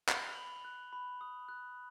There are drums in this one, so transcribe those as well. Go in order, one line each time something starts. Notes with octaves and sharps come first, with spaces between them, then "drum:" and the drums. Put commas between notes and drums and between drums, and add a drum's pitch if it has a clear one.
B5 G7, drum: clap
F#7
F7
B5 F#7
F#6
B5
D#6
F#6